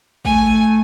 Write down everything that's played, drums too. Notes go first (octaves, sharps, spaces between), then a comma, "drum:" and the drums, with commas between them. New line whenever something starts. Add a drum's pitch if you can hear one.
A3 G#5, drum: kick